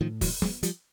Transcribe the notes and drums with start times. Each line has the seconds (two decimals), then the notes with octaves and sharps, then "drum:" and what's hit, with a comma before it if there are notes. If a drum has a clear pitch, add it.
0.01 A2 D#3 F3
0.21 E3 F#3, drum: kick, open hi-hat
0.42 F#3 G#3, drum: snare
0.63 F3 G3, drum: hi-hat